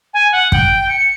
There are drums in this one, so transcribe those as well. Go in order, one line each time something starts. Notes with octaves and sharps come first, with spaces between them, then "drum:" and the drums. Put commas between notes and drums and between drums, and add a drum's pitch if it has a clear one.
G#5
F#5
G5, drum: kick
C#7